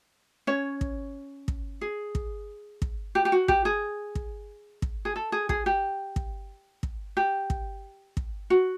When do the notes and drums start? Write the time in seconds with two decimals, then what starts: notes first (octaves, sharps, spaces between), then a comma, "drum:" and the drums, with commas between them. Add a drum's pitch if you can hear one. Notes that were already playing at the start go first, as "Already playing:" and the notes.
0.47 C#4 C#5
0.81 drum: kick
1.48 drum: kick
1.81 G#4
2.15 drum: kick
2.82 drum: kick
3.15 G4
3.25 G4
3.32 F#4
3.48 G4, drum: kick
3.65 G#4
4.15 drum: kick
4.82 drum: kick
5.05 G#4
5.16 A4
5.32 G#4
5.49 G#4, drum: kick
5.66 G4
6.16 drum: kick
6.83 drum: kick
7.17 G4
7.50 drum: kick
8.17 drum: kick
8.50 F#4